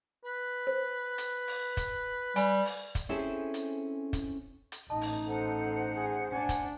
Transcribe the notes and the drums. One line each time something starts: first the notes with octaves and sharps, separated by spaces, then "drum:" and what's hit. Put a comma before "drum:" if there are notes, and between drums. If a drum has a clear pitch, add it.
B4
C5
drum: hi-hat
drum: open hi-hat
drum: kick, hi-hat
G3 G#5 B5, drum: hi-hat
drum: open hi-hat
drum: kick, hi-hat
C4 C#4 E4 G#4 A4 C5
drum: hi-hat
drum: kick, hi-hat
drum: hi-hat
A1 D#4 D#5 A5
drum: open hi-hat
A4 C5 F#5
G#4
D4 G#5
drum: kick, hi-hat